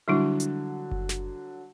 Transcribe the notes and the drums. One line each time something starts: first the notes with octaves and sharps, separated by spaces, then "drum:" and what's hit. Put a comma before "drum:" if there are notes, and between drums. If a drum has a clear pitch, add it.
D3 F#3 G3 D4 E4
drum: hi-hat
drum: kick F#1
drum: snare